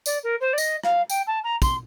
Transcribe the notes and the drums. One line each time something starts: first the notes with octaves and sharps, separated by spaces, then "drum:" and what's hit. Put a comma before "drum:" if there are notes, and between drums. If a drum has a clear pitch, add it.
D5, drum: tambourine
A#4
C5
D5
D#5, drum: tambourine
F5, drum: rim click
G5, drum: tambourine
A5
A#5
C6, drum: kick, tambourine